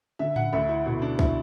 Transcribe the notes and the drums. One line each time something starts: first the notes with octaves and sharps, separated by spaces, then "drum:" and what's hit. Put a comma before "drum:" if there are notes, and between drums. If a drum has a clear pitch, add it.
D3 E5
F#5, drum: tom A2
D2 E5
E4
B2 E4
D4
E4, drum: kick